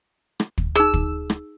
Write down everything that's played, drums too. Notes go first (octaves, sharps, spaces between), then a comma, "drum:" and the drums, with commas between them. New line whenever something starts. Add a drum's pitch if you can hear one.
drum: rim click
drum: kick
D#4 G#4 E6
drum: kick
drum: rim click